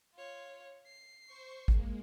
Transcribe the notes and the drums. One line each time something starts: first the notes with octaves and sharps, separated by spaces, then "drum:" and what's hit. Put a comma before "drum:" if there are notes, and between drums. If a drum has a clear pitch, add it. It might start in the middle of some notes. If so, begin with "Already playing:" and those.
F4 C#5
C7
C5 C#6
G#3 A#3, drum: kick